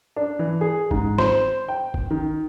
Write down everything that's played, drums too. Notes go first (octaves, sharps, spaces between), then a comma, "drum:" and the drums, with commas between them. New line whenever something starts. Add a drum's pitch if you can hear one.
D4
E3
G#4
G#2, drum: kick
C5, drum: snare
G5
drum: kick
D#3